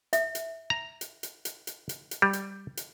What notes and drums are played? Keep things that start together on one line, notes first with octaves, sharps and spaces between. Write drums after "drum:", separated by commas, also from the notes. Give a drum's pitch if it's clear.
E5, drum: hi-hat
drum: hi-hat
A#5
drum: hi-hat
drum: hi-hat
drum: hi-hat
drum: hi-hat
drum: hi-hat
drum: hi-hat
G3
drum: hi-hat
drum: hi-hat